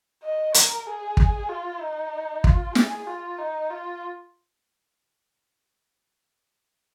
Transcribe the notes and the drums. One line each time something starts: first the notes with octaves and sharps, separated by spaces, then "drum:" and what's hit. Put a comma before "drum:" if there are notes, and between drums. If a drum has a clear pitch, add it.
D#5
A#4, drum: hi-hat
G#4
drum: kick
F4
D#4
F4, drum: kick
G#4, drum: snare
F4
D#4
F4